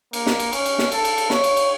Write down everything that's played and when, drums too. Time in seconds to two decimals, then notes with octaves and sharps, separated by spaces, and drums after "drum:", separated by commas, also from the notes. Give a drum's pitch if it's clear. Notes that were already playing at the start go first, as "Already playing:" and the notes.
0.13 A#3, drum: cymbal
0.26 drum: snare
0.40 drum: cymbal
0.53 C#4, drum: cymbal
0.66 drum: cymbal
0.79 drum: snare
0.92 A4, drum: cymbal
1.05 drum: cymbal
1.18 drum: cymbal
1.30 C#5, drum: snare
1.44 drum: cymbal
1.57 drum: cymbal